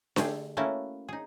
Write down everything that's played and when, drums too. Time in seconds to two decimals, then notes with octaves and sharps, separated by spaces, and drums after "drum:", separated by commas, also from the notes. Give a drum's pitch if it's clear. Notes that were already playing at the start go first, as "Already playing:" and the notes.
0.16 D3 A3 G4 G#4, drum: snare D4
0.57 A3 A#3 C#4 E4 F#4
1.09 D#4 G#4